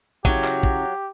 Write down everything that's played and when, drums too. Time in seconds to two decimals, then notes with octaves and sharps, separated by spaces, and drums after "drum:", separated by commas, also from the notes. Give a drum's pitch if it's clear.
0.25 C#3 F#3 E4 G4, drum: kick
0.44 drum: clap
0.63 drum: kick